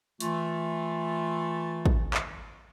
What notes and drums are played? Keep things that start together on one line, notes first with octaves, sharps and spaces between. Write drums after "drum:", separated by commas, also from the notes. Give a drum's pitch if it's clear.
E3 A3 F4, drum: hi-hat
drum: kick
drum: clap